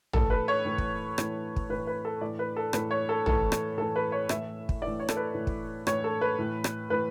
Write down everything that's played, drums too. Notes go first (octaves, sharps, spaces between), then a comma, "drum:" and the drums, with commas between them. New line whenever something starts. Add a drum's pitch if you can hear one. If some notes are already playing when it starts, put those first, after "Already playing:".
A2 E3 A4, drum: tom
B4
C#5
A2 E3
drum: kick
A2 E3, drum: rim click
drum: kick
A2 E3 B4
B4
A4
A2 E3 D5
B4
A4
A2 E3 B4, drum: rim click
C#5
A4
A2 E3 A4, drum: tom
drum: rim click
A2 E3 A4
B4
C#5
A2 E3 E5, drum: rim click
drum: kick
E3 D5
A2
C#5
A4, drum: rim click
B4
A2 E3
drum: kick
A2 E3 C#5, drum: rim click
A4
B4
A2 E3
drum: rim click
A2 E3 B4